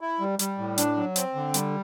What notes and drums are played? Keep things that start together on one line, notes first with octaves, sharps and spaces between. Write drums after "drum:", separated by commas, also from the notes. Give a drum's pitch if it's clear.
E4
G3
G3, drum: hi-hat
A2
D4, drum: hi-hat
F#3
C4, drum: hi-hat
D3
G3, drum: hi-hat